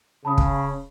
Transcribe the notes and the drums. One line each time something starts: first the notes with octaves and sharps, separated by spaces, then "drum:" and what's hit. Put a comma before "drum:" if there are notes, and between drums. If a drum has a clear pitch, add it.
C#3 A5 B5 D#6
drum: kick